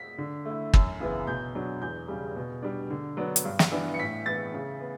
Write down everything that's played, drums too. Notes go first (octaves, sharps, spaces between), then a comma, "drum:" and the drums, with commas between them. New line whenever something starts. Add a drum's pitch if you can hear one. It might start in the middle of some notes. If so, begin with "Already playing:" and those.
Already playing: B6
D3
A3 E4
F#2, drum: kick
C#3 E3 B3
B2 G6
F#3 B3 D4
E2 G6
C#3 G3
B2
G3 D4
D3
F#3 B3 D4
drum: hi-hat
G2
drum: snare
E3 B3 D4
C#7
A2 B6
E3 B3 A6
C#3
B3